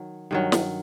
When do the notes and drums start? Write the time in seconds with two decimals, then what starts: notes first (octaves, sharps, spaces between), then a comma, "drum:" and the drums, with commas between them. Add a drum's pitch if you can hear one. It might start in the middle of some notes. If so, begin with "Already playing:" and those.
Already playing: D#3 F#3
0.31 G2 D#3 F#3
0.52 drum: snare